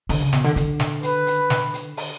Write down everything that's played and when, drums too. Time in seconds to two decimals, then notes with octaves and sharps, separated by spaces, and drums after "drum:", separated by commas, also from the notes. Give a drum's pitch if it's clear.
0.09 D3, drum: open hi-hat
0.20 C#3
0.33 B2, drum: snare
0.44 D3
0.56 D3, drum: hi-hat
0.80 drum: snare
1.03 B4, drum: hi-hat
1.27 drum: hi-hat
1.50 drum: snare
1.74 drum: hi-hat
1.97 drum: open hi-hat